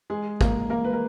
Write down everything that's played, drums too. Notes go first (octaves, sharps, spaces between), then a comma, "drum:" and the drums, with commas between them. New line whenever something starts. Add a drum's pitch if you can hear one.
G#3 G#4
A#3 A#4, drum: kick
A#3 A#4
B4
A#4